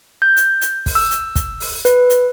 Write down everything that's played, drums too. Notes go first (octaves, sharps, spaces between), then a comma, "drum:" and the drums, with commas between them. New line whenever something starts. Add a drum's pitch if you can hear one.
G6
drum: hi-hat
drum: hi-hat
drum: kick, open hi-hat
E6
drum: hi-hat
drum: kick, hi-hat
drum: open hi-hat
B4, drum: hi-hat
drum: hi-hat